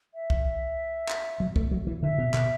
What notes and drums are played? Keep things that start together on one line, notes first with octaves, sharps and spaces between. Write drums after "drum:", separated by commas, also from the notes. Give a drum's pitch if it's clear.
E5
drum: kick C2
drum: clap
F#3
A3, drum: kick C2
F#3
E3
D3 E5
B2
B2, drum: clap